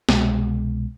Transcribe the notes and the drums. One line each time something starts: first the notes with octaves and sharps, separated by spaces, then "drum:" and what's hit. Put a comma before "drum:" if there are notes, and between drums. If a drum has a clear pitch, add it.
C2 B2 G#3, drum: snare